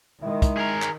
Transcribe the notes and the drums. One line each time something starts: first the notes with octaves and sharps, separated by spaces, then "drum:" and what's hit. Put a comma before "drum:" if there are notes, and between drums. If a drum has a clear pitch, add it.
D#3 G#3 E4
drum: kick, hi-hat
G#4 A#4
drum: clap